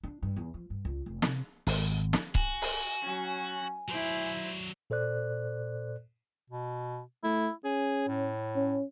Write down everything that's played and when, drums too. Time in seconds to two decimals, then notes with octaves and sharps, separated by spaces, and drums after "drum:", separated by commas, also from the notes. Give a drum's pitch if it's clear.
0.04 D4
0.23 G2
0.36 E2
0.54 F3
0.70 G2
0.85 C#2
1.06 F1
1.22 C3, drum: snare
1.67 G#1, drum: open hi-hat
2.13 drum: snare
2.35 F#4 G#5, drum: kick C#1
2.62 drum: open hi-hat
3.01 F#3 C#4
3.88 F#3 E4 C5 D5
4.90 A#2 A4 C5 D5 F#6
6.50 B2
7.24 A3 E4
7.65 C#4 G#4
8.08 A2
8.56 C#4